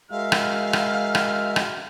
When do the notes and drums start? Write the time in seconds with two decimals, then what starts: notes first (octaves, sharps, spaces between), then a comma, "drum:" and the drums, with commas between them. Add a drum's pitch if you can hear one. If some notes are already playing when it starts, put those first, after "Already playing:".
0.11 G#3 F#4 A#4 E5 F5 F6
0.32 drum: rim click
0.73 drum: rim click
1.15 drum: rim click
1.56 drum: rim click